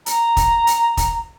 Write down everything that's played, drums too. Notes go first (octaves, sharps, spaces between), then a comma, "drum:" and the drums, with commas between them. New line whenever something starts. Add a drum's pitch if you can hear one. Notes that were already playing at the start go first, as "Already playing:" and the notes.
A#5, drum: hi-hat
drum: kick, hi-hat
drum: hi-hat
drum: kick, hi-hat